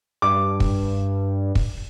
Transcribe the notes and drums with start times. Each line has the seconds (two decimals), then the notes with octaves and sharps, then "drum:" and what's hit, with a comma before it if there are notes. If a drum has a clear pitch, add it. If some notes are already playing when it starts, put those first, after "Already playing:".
0.22 G2 D6
0.60 drum: kick
1.55 drum: kick